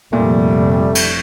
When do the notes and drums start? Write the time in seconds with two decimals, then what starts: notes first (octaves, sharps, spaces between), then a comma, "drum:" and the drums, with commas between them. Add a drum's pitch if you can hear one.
0.13 F1 A#2 G3 A3
0.95 drum: cymbal